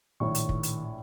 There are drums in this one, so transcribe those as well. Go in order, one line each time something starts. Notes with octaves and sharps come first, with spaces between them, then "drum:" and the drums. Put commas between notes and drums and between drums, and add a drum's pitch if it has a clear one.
A#1 A2 D#3 C#5 C#6
drum: hi-hat
drum: kick
drum: hi-hat